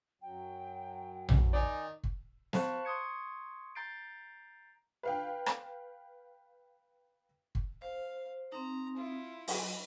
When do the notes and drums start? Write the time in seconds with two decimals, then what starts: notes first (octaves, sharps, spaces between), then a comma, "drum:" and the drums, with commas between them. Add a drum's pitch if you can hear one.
0.22 F#2 F#3 G5
1.29 drum: tom A#1
1.53 D#3 D#4 D5 G#5
2.04 drum: kick
2.53 C5 F5 A5 B5 C#6 F#6, drum: snare
2.85 C6 C#6 D#6 G#6 C#7
3.75 A#5 G6 A6 C7 D7
5.03 B4 F5 G5
5.46 drum: rim click
7.55 drum: kick
7.82 C5 F5
8.52 C4 D#4 A#5
8.97 E4 F4
9.48 F#3 D#5 B5, drum: open hi-hat